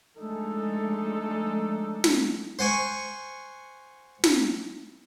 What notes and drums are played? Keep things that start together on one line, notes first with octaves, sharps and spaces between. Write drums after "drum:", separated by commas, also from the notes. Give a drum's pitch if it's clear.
F3 G#3 A3 D4 D#4 A4
drum: snare
C5 F#5 G#5 C#6
drum: snare